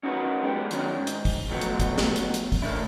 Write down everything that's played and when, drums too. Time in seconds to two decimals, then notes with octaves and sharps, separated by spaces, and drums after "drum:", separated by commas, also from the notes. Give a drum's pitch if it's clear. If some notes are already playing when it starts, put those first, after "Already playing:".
0.03 C#4 D#4 F#4 G4 A#4 B4
0.43 G#3 B3 G4
0.71 D#3 F#3 C#4 D4, drum: hi-hat
0.96 G#2
1.07 drum: hi-hat
1.25 drum: kick, open hi-hat
1.49 F2 F#3 A3 B3
1.61 drum: hi-hat
1.80 drum: kick, hi-hat
1.98 drum: snare
2.16 drum: hi-hat
2.34 drum: hi-hat
2.52 drum: kick, open hi-hat
2.62 A3 A#3 C4 D4 E4